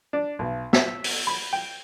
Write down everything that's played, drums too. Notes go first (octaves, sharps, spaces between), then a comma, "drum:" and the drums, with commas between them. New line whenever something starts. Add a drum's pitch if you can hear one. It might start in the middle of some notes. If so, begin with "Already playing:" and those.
D4
B1
E5, drum: snare
drum: open hi-hat
B5
G5